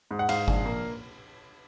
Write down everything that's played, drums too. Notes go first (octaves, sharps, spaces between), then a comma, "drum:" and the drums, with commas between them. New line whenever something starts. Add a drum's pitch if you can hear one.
G#2
F#5
G#2 F5, drum: cymbal
A#1, drum: kick G1
A#3